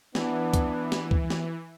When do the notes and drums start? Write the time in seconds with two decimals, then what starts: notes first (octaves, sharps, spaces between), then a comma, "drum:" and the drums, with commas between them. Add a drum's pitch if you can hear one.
0.15 E3 B3 D4, drum: snare
0.54 drum: kick C#2, hi-hat
0.92 drum: snare
1.11 drum: kick C#2
1.30 drum: snare